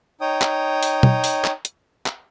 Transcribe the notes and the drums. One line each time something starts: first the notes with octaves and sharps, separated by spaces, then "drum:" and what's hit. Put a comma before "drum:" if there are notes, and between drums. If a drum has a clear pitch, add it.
D#4 C#5 G5 D#6
drum: clap
drum: open hi-hat
drum: tom B2
drum: open hi-hat
drum: clap
drum: hi-hat
drum: clap